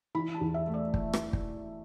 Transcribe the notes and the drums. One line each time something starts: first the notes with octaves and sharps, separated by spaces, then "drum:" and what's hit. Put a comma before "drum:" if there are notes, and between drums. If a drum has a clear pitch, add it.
E3 B5
A5
E2
E5
A3
D5
drum: kick
drum: rim click
drum: kick